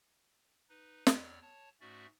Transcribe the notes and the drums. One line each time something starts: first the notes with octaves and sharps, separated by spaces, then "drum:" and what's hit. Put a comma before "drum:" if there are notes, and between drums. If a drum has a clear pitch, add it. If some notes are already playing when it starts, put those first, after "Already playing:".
D#4 B4
E2 C#5 D5 E6 F6, drum: snare
C#5 A5
G#2 A3 C#4 F#4 D5 E5